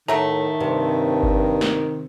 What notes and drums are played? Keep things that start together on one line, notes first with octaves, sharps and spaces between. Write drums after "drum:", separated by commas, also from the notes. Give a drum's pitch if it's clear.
A2 D#3 F#3 A3 A#5
G2 C3
drum: kick G1
drum: snare